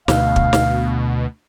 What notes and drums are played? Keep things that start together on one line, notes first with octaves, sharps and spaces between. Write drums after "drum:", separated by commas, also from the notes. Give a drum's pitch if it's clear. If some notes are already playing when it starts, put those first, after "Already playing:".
D2 B2 F5, drum: snare
drum: kick
drum: snare